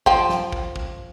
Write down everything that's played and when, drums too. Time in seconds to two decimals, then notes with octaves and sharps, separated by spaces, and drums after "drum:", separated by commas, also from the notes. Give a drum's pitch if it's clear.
0.06 F3 G5, drum: kick
0.29 drum: snare
0.52 drum: kick
0.76 drum: kick